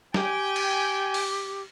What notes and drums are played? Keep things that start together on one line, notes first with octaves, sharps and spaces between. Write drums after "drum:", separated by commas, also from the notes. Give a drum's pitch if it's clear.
G4 G5 G#5, drum: snare
drum: cymbal
drum: open hi-hat